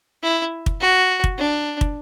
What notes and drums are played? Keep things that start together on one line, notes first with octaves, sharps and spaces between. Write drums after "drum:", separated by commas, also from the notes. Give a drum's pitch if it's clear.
E4
drum: kick
F#4
drum: kick
D4
drum: kick